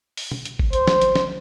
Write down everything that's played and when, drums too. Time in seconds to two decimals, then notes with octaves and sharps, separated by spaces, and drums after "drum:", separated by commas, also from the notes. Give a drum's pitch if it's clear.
0.17 drum: open hi-hat
0.31 drum: tom B2
0.45 drum: hi-hat
0.59 drum: kick G#1
0.73 C5, drum: hi-hat
0.87 drum: snare
1.01 drum: hi-hat
1.16 drum: snare